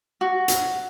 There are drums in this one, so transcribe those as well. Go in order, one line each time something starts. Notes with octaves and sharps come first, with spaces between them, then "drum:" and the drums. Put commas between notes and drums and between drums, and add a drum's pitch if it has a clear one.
F#4
drum: hi-hat